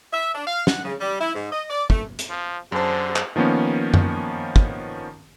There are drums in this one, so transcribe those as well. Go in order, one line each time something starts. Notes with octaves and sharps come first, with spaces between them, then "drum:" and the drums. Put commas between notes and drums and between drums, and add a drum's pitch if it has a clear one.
E5
D4
F5
F#5, drum: snare
C#3
G3
E4
G#2
D#5
D5
A3, drum: kick
drum: hi-hat
F3
F#2 D3 G#4 C5 A5
drum: clap
D#3 F3 A#3 B3 C#4
drum: tom F#2
drum: kick